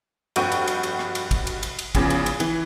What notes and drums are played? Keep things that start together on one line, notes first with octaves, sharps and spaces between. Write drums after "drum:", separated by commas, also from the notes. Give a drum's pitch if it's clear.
F1 G2 F#4 G5 C#6 D#7, drum: cymbal
drum: cymbal
drum: cymbal
drum: cymbal
drum: rim click
drum: cymbal
drum: kick, cymbal
drum: cymbal
drum: cymbal
drum: cymbal
E2 C#3 F3, drum: kick, cymbal
drum: cymbal
drum: cymbal
E3, drum: cymbal